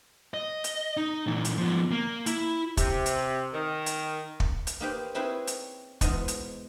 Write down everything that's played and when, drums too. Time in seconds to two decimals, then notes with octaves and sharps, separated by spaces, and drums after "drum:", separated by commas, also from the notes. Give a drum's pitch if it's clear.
0.34 D#5
0.64 drum: hi-hat
0.97 D#4
1.27 A#2 E3
1.45 drum: hi-hat
1.58 F3 B3
1.92 A#3
2.26 E4, drum: hi-hat
2.77 C3, drum: kick, hi-hat
3.06 drum: hi-hat
3.53 D#3
3.86 drum: hi-hat
4.40 drum: kick
4.67 drum: hi-hat
4.81 A#3 D#4 G4 B4 C5
5.15 C4 C#4 D#4 E4 G#4 B4
5.47 drum: hi-hat
6.01 E2 G#2 B2 G#3 D#5, drum: kick, hi-hat
6.28 drum: hi-hat